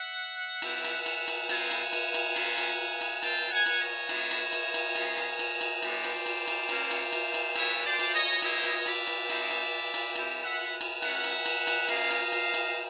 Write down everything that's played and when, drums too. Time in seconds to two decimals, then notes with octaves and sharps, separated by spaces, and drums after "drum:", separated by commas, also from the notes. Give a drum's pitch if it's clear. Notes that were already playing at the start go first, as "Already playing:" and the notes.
Already playing: E5 F#5
0.62 G3 C4 E4, drum: cymbal
0.84 drum: cymbal
1.06 drum: cymbal
1.28 drum: cymbal
1.49 G#3 C4 F4 F#5 G#5, drum: cymbal
1.71 drum: cymbal
1.93 drum: cymbal
2.14 drum: cymbal
2.36 A3 C#4 F4, drum: cymbal
2.58 drum: cymbal
3.01 drum: cymbal
3.23 C4 F4 G5 A5, drum: cymbal
3.51 F#5 G#5
3.66 drum: cymbal
3.80 C#5 D#5
4.09 G#3 B3 D4, drum: cymbal
4.31 drum: cymbal
4.53 drum: cymbal
4.74 drum: cymbal
4.95 G#3 C#4 F4, drum: cymbal
5.18 drum: cymbal
5.39 drum: cymbal
5.61 drum: cymbal
5.82 G3 B3 D#4 C5 D5, drum: cymbal
6.04 drum: cymbal
6.26 drum: cymbal
6.48 drum: cymbal
6.69 A#3 C#4 F#4, drum: cymbal
6.91 drum: cymbal
7.13 drum: cymbal
7.34 drum: cymbal
7.56 G3 B3 E4 B4 C#5, drum: cymbal
7.85 C5 D5
7.99 drum: cymbal
8.14 C#5 D#5
8.42 C4 E4 G4 C#5 D#5, drum: cymbal
8.64 drum: cymbal
8.86 D5 E5, drum: cymbal
9.07 drum: cymbal
9.30 G#3 C4 D#4, drum: cymbal
9.51 drum: cymbal
9.94 drum: cymbal
10.16 G3 C4 E4 G4, drum: cymbal
10.44 E5 F#5
10.81 drum: cymbal
11.02 A3 C#4 F#4 E5 F#5, drum: cymbal
11.24 drum: cymbal
11.46 drum: cymbal
11.67 drum: cymbal
11.89 A#3 C#4 F4 D#5 F5, drum: cymbal
12.11 drum: cymbal
12.32 drum: cymbal
12.54 drum: cymbal